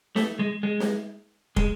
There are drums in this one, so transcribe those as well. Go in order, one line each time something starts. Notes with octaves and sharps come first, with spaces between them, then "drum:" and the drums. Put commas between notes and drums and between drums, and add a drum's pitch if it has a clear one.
A3, drum: snare
G#3
G#3
drum: snare
G#3, drum: kick